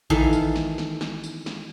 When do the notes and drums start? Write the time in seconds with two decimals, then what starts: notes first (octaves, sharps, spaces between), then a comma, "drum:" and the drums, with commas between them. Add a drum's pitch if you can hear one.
0.10 D#3 E3 A4 F5, drum: kick A1
0.33 drum: tambourine
0.55 drum: snare
0.78 drum: snare
1.01 drum: snare
1.24 drum: tambourine
1.46 drum: snare